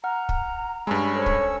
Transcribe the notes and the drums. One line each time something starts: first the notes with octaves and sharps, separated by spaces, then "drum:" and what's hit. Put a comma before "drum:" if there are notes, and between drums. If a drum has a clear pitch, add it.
F#5 A#5 F6
drum: kick
G2 G#3 C#4 B5 E6
A4 C5 C#5
drum: kick